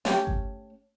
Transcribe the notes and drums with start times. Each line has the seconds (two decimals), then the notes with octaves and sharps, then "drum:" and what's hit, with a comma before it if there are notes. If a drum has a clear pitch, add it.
0.05 A3 C#4 G4, drum: snare
0.27 drum: kick G1